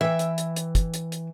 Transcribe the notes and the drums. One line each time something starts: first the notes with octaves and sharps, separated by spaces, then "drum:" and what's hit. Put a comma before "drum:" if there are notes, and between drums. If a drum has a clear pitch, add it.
E3 E5 G5
drum: hi-hat
drum: hi-hat
drum: hi-hat
drum: kick, hi-hat
drum: hi-hat
drum: hi-hat